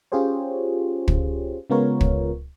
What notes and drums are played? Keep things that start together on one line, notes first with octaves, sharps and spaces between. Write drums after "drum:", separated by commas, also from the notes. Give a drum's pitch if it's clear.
C#4 F4 G4 G#4 C5 C#5
drum: kick
C#3 G#3 B3 F4 A#4 C#5
drum: kick